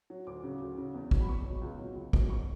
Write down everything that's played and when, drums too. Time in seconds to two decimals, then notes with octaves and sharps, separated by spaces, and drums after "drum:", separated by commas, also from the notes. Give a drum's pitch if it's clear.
0.10 F#3
0.27 D2 D6
0.43 C#3 F#3
0.61 D2
0.78 C#3 F#3
0.94 E2
1.11 B2 F#3, drum: kick
1.21 B5
1.28 E2 C#6
1.45 F#3
1.50 B2
1.61 C#2
1.79 B2 F#3
1.96 C#2
2.13 B2 F#3, drum: kick
2.29 G#2 C#6